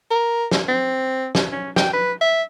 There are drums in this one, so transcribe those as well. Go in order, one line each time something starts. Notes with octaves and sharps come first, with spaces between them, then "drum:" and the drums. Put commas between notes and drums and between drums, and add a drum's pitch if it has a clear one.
A#4
drum: snare
C4
drum: snare
C#4
G5, drum: snare
B4
E5